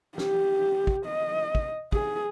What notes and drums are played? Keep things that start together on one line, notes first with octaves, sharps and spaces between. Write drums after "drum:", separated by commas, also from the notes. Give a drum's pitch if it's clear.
G4, drum: snare
drum: kick
D#5
drum: kick
G#4, drum: kick